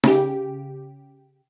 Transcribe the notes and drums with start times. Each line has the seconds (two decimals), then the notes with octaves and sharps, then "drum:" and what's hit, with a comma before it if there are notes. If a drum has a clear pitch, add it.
0.04 C#3 G4, drum: snare D#4